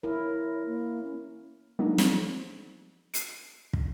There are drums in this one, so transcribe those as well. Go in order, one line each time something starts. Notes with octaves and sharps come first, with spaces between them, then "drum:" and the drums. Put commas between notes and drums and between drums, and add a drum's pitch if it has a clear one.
E4 A#4 C#5
A#3
C#4
F#3 G#3 A#3 B3 D4 D#4
F3 G3 C4, drum: snare
C7, drum: hi-hat
drum: kick